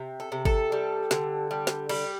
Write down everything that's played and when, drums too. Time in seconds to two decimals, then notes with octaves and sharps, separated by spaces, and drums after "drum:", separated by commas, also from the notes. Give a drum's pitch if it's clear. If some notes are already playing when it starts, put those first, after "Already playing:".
Already playing: C3
0.20 A4
0.32 C3
0.45 A4, drum: kick G1
0.72 G3
1.11 D3, drum: snare
1.51 G3
1.67 drum: snare
1.89 G3, drum: cymbal